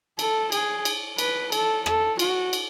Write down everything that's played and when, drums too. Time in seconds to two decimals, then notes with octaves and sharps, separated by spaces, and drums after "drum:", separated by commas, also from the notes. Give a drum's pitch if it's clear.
0.19 A4, drum: cymbal
0.52 G#4, drum: cymbal
0.85 drum: cymbal
1.18 B4, drum: cymbal
1.52 A4, drum: cymbal
1.86 A4, drum: rim click
2.19 F#4, drum: cymbal
2.53 drum: cymbal